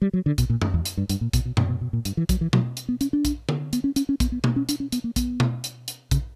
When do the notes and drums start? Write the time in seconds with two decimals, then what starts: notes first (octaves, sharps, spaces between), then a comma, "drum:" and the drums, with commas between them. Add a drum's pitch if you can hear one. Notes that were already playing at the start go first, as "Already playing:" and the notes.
0.02 G3
0.13 F#3
0.26 D3
0.38 B2, drum: kick A#1, hi-hat
0.50 A#2
0.62 drum: tom F#2
0.74 E2
0.85 drum: hi-hat
0.97 G2
1.09 G2, drum: hi-hat
1.21 A#2
1.33 B2, drum: kick A#1, hi-hat
1.45 B2
1.57 B2, drum: tom F#2
1.69 B2
1.81 B2
1.93 A#2
2.05 G2, drum: hi-hat
2.17 E3
2.29 F#3, drum: kick A#1, hi-hat
2.41 E3
2.53 F#3, drum: tom B2
2.77 drum: hi-hat
2.89 B3
3.01 C#4, drum: hi-hat
3.13 D4
3.25 drum: kick A#1, hi-hat
3.49 drum: tom D3
3.73 B3, drum: hi-hat
3.84 C#4
3.96 C#4, drum: hi-hat
4.09 C#4
4.20 B3, drum: kick A#1, hi-hat
4.32 B3
4.44 A#3, drum: tom B2
4.56 C#4
4.69 D4, drum: hi-hat
4.80 C#4
4.92 B3, drum: hi-hat
5.04 A#3
5.16 B3, drum: kick A#1, hi-hat
5.40 drum: tom B2
5.64 drum: hi-hat
5.88 drum: hi-hat
6.11 C#3, drum: kick A#1, hi-hat